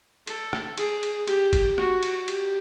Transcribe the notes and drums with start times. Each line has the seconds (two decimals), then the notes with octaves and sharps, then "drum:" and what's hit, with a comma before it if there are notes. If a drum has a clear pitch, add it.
0.27 A4, drum: cymbal
0.53 drum: rim click
0.78 G#4, drum: cymbal
1.03 drum: cymbal
1.28 G4, drum: cymbal
1.53 drum: kick G1, cymbal
1.78 F#4, drum: rim click
2.03 drum: cymbal
2.28 G4, drum: cymbal